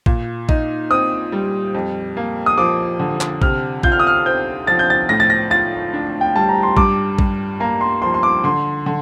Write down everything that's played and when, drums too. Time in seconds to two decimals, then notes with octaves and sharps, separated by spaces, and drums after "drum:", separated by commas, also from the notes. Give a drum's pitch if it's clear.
0.06 A#2, drum: kick A1
0.49 D#4, drum: kick A1
0.90 C4 D#6
1.32 G3
1.74 F2
2.17 A#3
2.46 D#6
2.58 F3 D6
3.00 D3
3.21 drum: clap
3.42 C3 F6, drum: kick A1
3.83 F4 G6, drum: kick A1
3.92 F6
4.00 D#6
4.07 F6
4.26 C4 G6
4.67 F3 A6
4.79 G6
4.90 A6
5.09 A2 A#6
5.20 A6
5.30 A#6
5.50 F4 A6
5.93 D4
6.21 G5
6.35 G3 A5
6.49 A#5
6.63 C6
6.77 G2 D6, drum: kick A1
7.19 G2, drum: kick A1
7.60 A#3 A#5
7.81 C6
8.02 F3 C6
8.14 C6
8.23 D6
8.44 D3 C6
8.86 D3